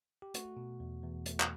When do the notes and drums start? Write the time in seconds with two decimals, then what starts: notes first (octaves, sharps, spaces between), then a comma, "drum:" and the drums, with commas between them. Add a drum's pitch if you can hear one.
0.22 G4
0.34 A3 F#4, drum: hi-hat
0.57 B2
0.80 E2
1.03 E2
1.26 A3, drum: hi-hat
1.40 drum: clap